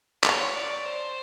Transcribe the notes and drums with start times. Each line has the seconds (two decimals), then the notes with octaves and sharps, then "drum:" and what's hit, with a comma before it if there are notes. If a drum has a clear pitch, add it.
0.24 C#5, drum: clap
0.55 D5
0.85 C5